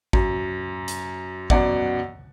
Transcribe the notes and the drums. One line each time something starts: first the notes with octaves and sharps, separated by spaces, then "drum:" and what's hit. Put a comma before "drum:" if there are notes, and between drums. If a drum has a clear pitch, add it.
F#2, drum: kick G#1
drum: hi-hat
F#2 B2 D5 F#5, drum: kick G#1